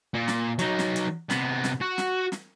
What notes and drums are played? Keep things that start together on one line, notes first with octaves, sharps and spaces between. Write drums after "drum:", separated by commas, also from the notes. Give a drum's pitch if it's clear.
A#2
drum: snare
F#3 D#4, drum: hi-hat
drum: snare
drum: hi-hat
C3 B3, drum: snare
drum: snare
F#4
drum: snare
drum: snare